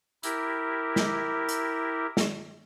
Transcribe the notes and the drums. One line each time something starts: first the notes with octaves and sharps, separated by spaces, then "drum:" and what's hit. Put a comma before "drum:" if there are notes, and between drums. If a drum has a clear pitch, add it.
E4 G4 A#4, drum: hi-hat
drum: snare
drum: hi-hat
drum: snare